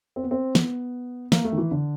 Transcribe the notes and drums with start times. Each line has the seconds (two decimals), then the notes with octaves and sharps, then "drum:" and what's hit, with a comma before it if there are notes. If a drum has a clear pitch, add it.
0.16 C4
0.23 B3
0.31 C4
0.55 B3, drum: snare
1.32 A#3, drum: snare
1.44 A3
1.52 D#3
1.58 E3
1.71 D3